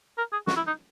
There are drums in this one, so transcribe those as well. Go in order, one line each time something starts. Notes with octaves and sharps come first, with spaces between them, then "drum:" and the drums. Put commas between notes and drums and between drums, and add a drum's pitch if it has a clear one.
A#4
G#4
F#4, drum: snare
E4
D#4